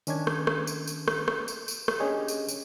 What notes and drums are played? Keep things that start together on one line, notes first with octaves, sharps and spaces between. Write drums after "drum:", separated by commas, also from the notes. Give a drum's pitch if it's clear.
D#3 C#4 D4 G#6, drum: tambourine
drum: rim click
drum: rim click
drum: tambourine
drum: tambourine
drum: rim click
drum: rim click
drum: tambourine
drum: tambourine
drum: rim click
C#4 D4 G4 G#4 C#5 D#5
drum: tambourine
drum: tambourine